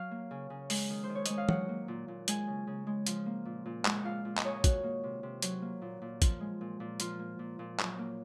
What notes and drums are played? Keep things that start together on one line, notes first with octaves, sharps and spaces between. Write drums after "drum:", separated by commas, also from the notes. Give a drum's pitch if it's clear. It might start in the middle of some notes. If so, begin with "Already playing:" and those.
Already playing: F#3 F5
A#3
C#3
C#3
G#3, drum: open hi-hat
D#3
C5
D#3
C#5
G#3 D#5, drum: hi-hat
F5
F#3 F#5, drum: tom
A#3
A#2
A#2
G#3 G#5, drum: hi-hat
C#3
C#3
G#3
F3, drum: hi-hat
A#3
A#2
A#2
G#3 F#5, drum: clap
A#2 F5
A#2
D#5, drum: clap
G#3 C#5
D#3 F#4, drum: kick, hi-hat
A#3
C3
C3
F#3, drum: hi-hat
A#3
A#2
A#2
F3, drum: kick, hi-hat
G#3
A#2
A#2
F3 F4, drum: hi-hat
A#3
A#2
A#2
F#3, drum: clap
A#3